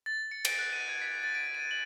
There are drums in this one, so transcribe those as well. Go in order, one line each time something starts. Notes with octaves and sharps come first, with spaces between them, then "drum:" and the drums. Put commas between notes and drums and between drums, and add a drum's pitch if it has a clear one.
A6
C#7
D7, drum: cymbal
F#6
D#7
G#6
B6
A6
D7
D#7
F#7